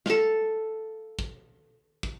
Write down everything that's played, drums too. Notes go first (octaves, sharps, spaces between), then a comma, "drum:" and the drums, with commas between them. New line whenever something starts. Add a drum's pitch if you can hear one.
A4 F5, drum: snare
drum: kick
drum: kick